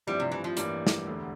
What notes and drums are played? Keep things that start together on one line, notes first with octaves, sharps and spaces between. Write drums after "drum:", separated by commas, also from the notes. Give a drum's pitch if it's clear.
A1 G2 F3 G3 C4 E4
C3
E3
F3
A1 G2 E3 G3 A#3 D4, drum: hi-hat
drum: snare
E1 D2 D3